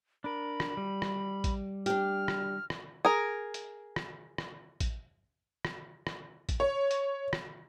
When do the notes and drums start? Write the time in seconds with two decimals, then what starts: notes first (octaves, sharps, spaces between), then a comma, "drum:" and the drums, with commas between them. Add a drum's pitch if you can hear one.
0.24 D4 A#4 B5
0.60 drum: rim click
0.77 G3
1.02 drum: rim click
1.44 drum: kick, hi-hat
1.86 D4 G4 F6, drum: hi-hat
2.28 drum: rim click
2.70 drum: rim click
3.05 G#4 A#4
3.54 drum: hi-hat
3.96 drum: rim click
4.38 drum: rim click
4.80 drum: kick, hi-hat
5.65 drum: rim click
6.07 drum: rim click
6.49 drum: kick, hi-hat
6.60 C#5
6.91 drum: hi-hat
7.33 drum: rim click